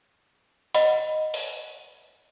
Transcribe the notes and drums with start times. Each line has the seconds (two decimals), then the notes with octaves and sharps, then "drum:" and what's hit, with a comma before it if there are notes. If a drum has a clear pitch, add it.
0.75 D#5 F#5 B5, drum: hi-hat
1.34 drum: open hi-hat